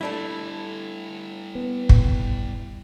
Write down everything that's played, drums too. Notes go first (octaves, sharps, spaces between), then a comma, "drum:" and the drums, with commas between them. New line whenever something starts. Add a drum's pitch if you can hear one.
G3 A3 D4 E4 A4
B3
drum: kick